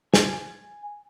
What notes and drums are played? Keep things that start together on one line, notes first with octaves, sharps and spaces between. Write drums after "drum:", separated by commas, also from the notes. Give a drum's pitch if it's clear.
G#5, drum: snare